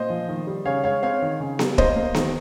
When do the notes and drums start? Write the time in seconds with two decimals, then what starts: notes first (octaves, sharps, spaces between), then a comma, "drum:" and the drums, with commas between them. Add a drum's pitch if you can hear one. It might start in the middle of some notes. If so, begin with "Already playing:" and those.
Already playing: A#2 C5 D#5
0.10 F3
0.28 D#3
0.47 G3
0.65 C#3 C#5 F5
0.84 G#3 C#5 F5
1.02 C4 C#5 F5
1.22 D#3
1.40 C#3
1.59 G3, drum: snare B3
1.78 A#3 C5 D#5, drum: kick
1.96 A#3
2.14 D#3, drum: snare B3